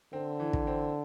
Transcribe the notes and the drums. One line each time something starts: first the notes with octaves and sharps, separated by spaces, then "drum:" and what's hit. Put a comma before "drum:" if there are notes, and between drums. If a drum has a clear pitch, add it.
D3 C4
E3
drum: kick
C4